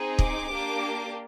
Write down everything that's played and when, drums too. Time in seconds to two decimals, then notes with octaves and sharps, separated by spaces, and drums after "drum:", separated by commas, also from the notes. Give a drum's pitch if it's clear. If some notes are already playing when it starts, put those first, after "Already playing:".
Already playing: C4 D#4 G#4
0.19 D6, drum: kick
0.50 A#3 D4 G4